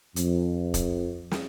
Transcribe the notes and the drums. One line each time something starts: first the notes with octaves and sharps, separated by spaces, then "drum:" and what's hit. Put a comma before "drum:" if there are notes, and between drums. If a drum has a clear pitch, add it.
F2, drum: hi-hat
drum: kick, hi-hat
drum: snare